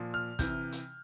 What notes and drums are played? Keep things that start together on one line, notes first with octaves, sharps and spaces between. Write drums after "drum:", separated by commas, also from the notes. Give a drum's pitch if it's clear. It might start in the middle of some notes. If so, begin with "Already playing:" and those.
Already playing: A#2 F3
F6
C3 E3 G6, drum: kick, hi-hat
drum: hi-hat